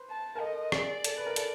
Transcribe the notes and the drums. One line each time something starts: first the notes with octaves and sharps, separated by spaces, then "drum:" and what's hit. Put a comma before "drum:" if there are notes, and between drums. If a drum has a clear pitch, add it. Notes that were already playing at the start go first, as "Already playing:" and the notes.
Already playing: B4 C5
A5
A#4
A4 D#5
G#4 D5, drum: rim click
A4, drum: hi-hat
B4
A#4
A4, drum: hi-hat